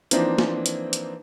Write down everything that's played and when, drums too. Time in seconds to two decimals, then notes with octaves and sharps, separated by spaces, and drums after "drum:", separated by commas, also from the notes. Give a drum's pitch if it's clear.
0.11 E3 F3 A#3 C4 D4 D#4, drum: hi-hat
0.38 drum: snare
0.66 drum: hi-hat
0.93 drum: hi-hat